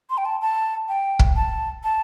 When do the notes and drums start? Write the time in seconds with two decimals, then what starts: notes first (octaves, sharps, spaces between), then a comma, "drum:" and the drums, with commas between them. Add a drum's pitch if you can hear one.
0.10 C6
0.18 G5
0.25 A5
0.42 A5
0.88 G5
1.19 drum: kick
1.36 A5
1.84 A5